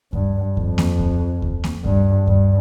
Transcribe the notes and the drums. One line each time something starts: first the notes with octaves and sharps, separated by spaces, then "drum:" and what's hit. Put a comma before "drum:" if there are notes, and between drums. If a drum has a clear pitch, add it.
G2, drum: kick D2
F2, drum: kick D2
drum: snare A#3
drum: kick D2
drum: kick D2
drum: snare A#3
G2, drum: kick D2
G2, drum: kick D2